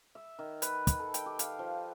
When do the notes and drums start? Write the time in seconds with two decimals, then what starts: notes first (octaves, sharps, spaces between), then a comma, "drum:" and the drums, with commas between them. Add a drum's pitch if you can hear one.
0.15 E5
0.39 D#3
0.62 B4, drum: hi-hat
0.87 drum: kick, hi-hat
0.99 A4
1.14 G5, drum: hi-hat
1.26 G4
1.39 F5, drum: hi-hat
1.59 F3